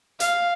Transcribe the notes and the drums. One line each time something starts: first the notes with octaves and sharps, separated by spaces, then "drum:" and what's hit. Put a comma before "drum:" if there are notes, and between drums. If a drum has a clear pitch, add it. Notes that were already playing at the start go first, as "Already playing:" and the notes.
F5, drum: hi-hat